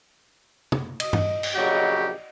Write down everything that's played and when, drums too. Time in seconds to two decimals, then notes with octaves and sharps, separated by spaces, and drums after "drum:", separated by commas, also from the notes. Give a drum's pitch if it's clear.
0.72 drum: tom
1.00 D#5 D#6, drum: cymbal
1.13 drum: tom G2
1.43 drum: cymbal
1.55 A#1 C#3 F#3 G4 D5 D#5 F#5